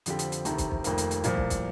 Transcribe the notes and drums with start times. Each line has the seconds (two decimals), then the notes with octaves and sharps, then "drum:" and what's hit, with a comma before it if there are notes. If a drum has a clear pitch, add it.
0.06 F2 D3 F3 C4 G4, drum: hi-hat
0.19 drum: hi-hat
0.32 drum: hi-hat
0.45 D2 C3 D#3, drum: hi-hat
0.58 drum: kick, hi-hat
0.72 drum: kick
0.84 F1 F2 D#3 A#3, drum: hi-hat
0.98 drum: hi-hat
1.11 drum: hi-hat
1.24 C2 A#2 F3, drum: hi-hat
1.37 drum: kick
1.50 drum: kick, hi-hat